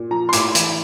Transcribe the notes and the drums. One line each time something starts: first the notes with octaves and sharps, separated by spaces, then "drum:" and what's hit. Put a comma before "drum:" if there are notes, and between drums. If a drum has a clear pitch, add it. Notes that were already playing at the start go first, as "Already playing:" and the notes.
Already playing: A#2
F3 A#5
C6
A2 D6, drum: hi-hat
E3, drum: hi-hat